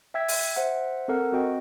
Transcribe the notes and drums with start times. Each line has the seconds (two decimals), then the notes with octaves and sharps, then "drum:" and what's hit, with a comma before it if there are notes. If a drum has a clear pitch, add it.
0.14 E5 G5 E6 G#6 B6
0.28 drum: open hi-hat
0.56 C5 E5 F#5
1.08 C4 A4 A#4 F#5
1.32 C4 F#4 D#5 G5